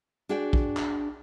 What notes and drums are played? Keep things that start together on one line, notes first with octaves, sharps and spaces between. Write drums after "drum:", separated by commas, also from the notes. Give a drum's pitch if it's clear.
D4 F#4 G#4 G5
drum: kick
drum: clap